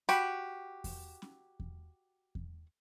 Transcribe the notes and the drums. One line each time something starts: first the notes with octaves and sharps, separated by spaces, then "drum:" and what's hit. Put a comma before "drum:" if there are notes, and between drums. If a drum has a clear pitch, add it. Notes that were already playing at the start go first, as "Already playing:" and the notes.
F#4 G4 B5, drum: hi-hat
drum: kick E2, open hi-hat
drum: snare
drum: kick E2
drum: kick E2